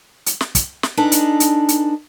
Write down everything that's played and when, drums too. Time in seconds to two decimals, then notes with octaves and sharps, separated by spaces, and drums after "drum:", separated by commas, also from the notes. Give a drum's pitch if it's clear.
0.26 drum: hi-hat
0.41 drum: snare
0.55 drum: kick, hi-hat
0.83 drum: snare
0.97 D4 D#4 G#4 A4 B4
1.12 drum: hi-hat
1.40 drum: hi-hat
1.69 drum: hi-hat